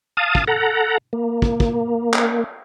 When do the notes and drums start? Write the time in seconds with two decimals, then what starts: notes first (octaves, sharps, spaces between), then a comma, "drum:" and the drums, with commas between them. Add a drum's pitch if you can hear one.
0.17 F5 A5 D#6
0.35 drum: kick
0.48 A4 F#5 A#5
1.13 A#3
1.42 drum: kick
1.60 drum: kick
2.14 drum: clap